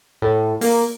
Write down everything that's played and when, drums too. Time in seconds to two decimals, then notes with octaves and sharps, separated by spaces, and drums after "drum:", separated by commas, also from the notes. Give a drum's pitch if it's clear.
0.22 A2
0.61 A#3, drum: open hi-hat